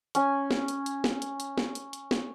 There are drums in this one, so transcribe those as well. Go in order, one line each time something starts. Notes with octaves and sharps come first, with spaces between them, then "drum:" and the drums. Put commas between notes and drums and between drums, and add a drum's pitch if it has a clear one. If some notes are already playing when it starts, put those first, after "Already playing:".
C#4 G#5, drum: hi-hat
drum: snare
drum: hi-hat
drum: hi-hat
drum: snare
drum: hi-hat
drum: hi-hat
drum: snare
drum: hi-hat
drum: hi-hat
drum: snare